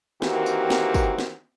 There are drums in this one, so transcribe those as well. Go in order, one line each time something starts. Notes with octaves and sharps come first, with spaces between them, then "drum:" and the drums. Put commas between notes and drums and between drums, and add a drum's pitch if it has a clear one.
D#3 E3 A#3 C4 F#4 G4, drum: snare
drum: tambourine
drum: snare
drum: kick, tambourine
drum: snare